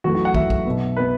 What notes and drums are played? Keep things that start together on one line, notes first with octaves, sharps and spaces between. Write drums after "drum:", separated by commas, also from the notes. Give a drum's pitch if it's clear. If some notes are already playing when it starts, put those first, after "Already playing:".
F#2 E3 A3 F#4
F#4
F#5
F#2 E3 A3 E5, drum: kick
drum: kick
B1 B2 B3
B2 B3 B4